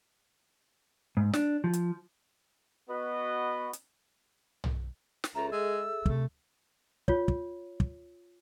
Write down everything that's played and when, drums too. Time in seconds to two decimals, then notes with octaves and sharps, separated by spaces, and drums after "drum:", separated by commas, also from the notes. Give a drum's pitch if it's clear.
1.17 G#2
1.33 D4, drum: snare
1.64 F3
1.73 drum: hi-hat
2.90 B3 F#4 B4 D#5 B5
3.73 drum: hi-hat
4.64 drum: tom
5.24 drum: snare
5.35 C#2 G#4 A4 E5 A#5
5.52 G#3 E6
6.06 C3 A3, drum: kick
7.08 F4 C#5, drum: kick
7.28 drum: kick
7.80 drum: kick